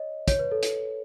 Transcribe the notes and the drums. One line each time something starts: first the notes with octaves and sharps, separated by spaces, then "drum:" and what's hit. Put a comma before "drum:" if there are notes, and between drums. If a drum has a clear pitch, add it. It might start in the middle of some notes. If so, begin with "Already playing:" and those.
Already playing: C#5 D#5
C#5, drum: kick, hi-hat
B4
A4
drum: hi-hat